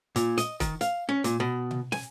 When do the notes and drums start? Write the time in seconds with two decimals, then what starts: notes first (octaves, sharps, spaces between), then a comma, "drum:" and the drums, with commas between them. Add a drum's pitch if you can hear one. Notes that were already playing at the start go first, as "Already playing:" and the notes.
0.16 A#2, drum: hi-hat
0.38 D#5, drum: hi-hat
0.60 D#3, drum: kick F1, hi-hat
0.81 F5, drum: hi-hat
1.09 C#4
1.24 A#2, drum: hi-hat
1.40 B2
1.71 drum: tom B2
1.92 G#5, drum: snare